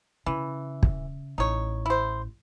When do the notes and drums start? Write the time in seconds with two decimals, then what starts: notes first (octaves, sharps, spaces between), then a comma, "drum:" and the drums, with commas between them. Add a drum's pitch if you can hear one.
0.26 C#3 E3
0.83 drum: kick
1.38 A1 D#4 C#5
1.86 E4 C5